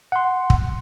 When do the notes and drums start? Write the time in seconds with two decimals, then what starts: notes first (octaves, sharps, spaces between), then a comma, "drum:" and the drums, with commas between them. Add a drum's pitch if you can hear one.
0.12 F#5 C6
0.50 drum: kick